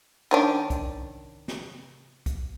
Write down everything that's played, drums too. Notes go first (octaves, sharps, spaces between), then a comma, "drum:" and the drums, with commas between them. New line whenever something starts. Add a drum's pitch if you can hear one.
D#3 C#4 D4
drum: kick C2, hi-hat
drum: snare
drum: kick C2, hi-hat